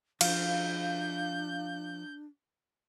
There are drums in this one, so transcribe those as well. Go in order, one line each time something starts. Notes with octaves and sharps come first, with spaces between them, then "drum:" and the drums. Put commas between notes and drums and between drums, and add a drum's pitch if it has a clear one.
F3 D4 F5 G6, drum: cymbal